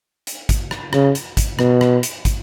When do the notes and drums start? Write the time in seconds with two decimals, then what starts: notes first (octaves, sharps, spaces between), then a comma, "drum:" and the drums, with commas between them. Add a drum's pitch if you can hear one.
0.27 drum: hi-hat
0.49 drum: kick, hi-hat
0.71 drum: rim click
0.93 C#3, drum: rim click
1.15 drum: hi-hat
1.37 drum: kick, hi-hat
1.59 B2, drum: rim click
1.81 drum: rim click
2.03 drum: hi-hat
2.25 drum: kick, hi-hat